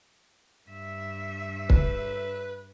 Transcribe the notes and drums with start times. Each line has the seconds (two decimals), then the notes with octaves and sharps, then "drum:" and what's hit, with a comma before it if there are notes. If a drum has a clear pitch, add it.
0.69 G2 E5
1.70 B4, drum: kick